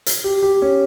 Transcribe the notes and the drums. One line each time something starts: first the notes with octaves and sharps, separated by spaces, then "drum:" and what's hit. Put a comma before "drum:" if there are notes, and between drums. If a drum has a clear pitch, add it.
drum: hi-hat
G4
G4
C#4